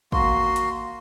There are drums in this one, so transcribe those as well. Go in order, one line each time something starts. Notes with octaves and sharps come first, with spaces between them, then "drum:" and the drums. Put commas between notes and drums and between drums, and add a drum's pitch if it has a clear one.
A#3 F#4 C6, drum: kick
drum: hi-hat